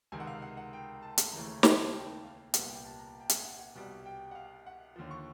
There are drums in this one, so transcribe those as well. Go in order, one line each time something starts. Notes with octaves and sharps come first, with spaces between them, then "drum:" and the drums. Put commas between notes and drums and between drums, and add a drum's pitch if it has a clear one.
C#2 C3 D#3 G#5
F#5
F5
F#5
F#5
G5
A5
drum: hi-hat
D#2 C#3 E3 A3 A#5
A5, drum: snare
G5
F5
C2 A#2 G3 B3 F#5, drum: hi-hat
G5
A5
A#5
G5
G#5, drum: hi-hat
F#5
F#5
C2 B2 G3
G5
F#5
F5
F#5
D#2 D3 F3
C#6